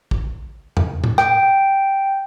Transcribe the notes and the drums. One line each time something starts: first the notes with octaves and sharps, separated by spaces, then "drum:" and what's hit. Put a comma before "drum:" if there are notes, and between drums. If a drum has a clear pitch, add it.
drum: kick
drum: tom E2
drum: tom A2
G5, drum: rim click